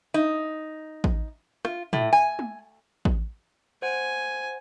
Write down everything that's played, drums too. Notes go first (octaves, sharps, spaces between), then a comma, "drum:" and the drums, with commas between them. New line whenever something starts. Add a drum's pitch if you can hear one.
D#4
drum: kick A1
F4, drum: rim click
A2, drum: tom
G#5
drum: tom
drum: kick A1
C5 F#5 G#5